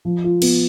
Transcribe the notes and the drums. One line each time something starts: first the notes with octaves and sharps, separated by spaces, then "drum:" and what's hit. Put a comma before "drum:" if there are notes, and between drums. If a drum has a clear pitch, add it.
F3
F4
B3, drum: cymbal